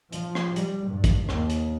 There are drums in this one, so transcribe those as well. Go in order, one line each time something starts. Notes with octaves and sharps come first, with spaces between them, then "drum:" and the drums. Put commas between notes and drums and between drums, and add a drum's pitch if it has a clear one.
F3, drum: hi-hat
drum: rim click
G3, drum: hi-hat
G2
drum: kick, hi-hat
D#2, drum: rim click
drum: hi-hat